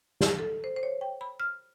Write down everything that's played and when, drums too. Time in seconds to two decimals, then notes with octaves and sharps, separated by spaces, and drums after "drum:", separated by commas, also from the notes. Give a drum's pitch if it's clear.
0.21 drum: snare
0.39 A4
0.64 C5
0.76 C5
0.83 C#5
1.01 G5
1.21 B5
1.40 F6